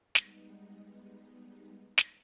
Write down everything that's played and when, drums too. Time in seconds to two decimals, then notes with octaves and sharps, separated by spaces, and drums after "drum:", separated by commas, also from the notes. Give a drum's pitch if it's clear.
0.15 G3 G#3 B3 D#4, drum: snare
1.98 drum: snare